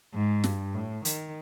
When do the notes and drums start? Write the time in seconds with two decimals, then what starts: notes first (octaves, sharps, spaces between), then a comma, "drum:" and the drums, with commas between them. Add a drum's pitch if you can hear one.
0.14 G#2
0.44 G2, drum: snare
0.74 A2
1.05 D#3, drum: hi-hat